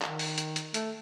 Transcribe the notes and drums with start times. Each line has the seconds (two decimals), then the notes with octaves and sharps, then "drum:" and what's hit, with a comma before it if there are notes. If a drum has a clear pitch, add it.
0.02 D#3, drum: clap
0.19 drum: open hi-hat
0.38 drum: hi-hat
0.56 drum: hi-hat
0.74 A3, drum: hi-hat